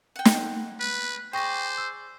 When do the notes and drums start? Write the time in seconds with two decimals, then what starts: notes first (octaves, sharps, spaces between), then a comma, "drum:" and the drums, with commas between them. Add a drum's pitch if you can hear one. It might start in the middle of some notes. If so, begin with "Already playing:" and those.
0.16 F#5 G5
0.25 drum: snare
0.80 B4
1.33 G#4 C5 D5 G5 C#6 A#6
1.78 E6